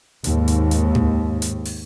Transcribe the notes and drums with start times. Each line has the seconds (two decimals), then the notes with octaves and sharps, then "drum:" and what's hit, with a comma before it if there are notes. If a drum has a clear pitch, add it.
0.24 D#2 G#2, drum: hi-hat
0.48 drum: hi-hat
0.71 drum: hi-hat
0.95 drum: tom G#2
1.42 drum: hi-hat
1.65 drum: open hi-hat